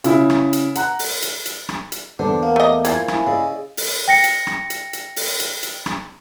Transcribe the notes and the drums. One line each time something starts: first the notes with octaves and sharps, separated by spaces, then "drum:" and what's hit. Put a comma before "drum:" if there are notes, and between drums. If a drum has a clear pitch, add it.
C#3 E4, drum: hi-hat
drum: rim click
drum: hi-hat
F#5 A#5 F#6, drum: hi-hat
drum: open hi-hat
drum: hi-hat
drum: hi-hat
drum: rim click
drum: hi-hat
E2 D3 C5 F#5 A5 D6
A#3
A3 D#5
E3 F3 G#6, drum: hi-hat
E4 G#5, drum: rim click
C#3 G#4 D5 D#5
drum: open hi-hat
G5 A#6 C#7
drum: hi-hat
drum: rim click
drum: hi-hat
drum: hi-hat
drum: open hi-hat
drum: hi-hat
drum: hi-hat
drum: rim click